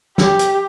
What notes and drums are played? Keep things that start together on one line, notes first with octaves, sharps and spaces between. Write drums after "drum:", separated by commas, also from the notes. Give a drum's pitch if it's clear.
G4, drum: snare
drum: hi-hat